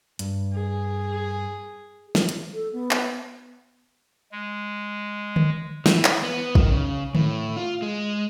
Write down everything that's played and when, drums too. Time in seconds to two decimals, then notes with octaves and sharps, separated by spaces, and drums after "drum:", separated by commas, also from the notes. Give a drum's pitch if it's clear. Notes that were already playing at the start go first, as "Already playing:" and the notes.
0.19 G2, drum: hi-hat
0.54 G#4
2.15 drum: snare
2.29 drum: hi-hat
2.53 A4
2.73 B3
2.91 drum: clap
4.32 G#3
5.36 drum: tom D3
5.86 E3, drum: snare
6.05 drum: clap
6.22 B3
6.55 D#3, drum: kick
6.70 C#3
7.15 A2, drum: tom D3
7.57 F4
7.82 G#3